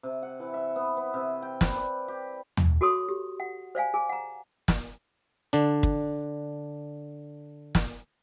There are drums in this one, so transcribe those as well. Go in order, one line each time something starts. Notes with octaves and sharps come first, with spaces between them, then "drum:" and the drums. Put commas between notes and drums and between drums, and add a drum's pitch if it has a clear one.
C3
F#5
E3
E5
B3
B3
C3
G5
B4, drum: snare
D5
G4
drum: tom
F#4 G#4 A4 C#5 C6 D#6
G4
F#5
C5 D5 F5 G#5
G#4 G#5
F#5 A#5
drum: snare
D3 D4
drum: kick
drum: snare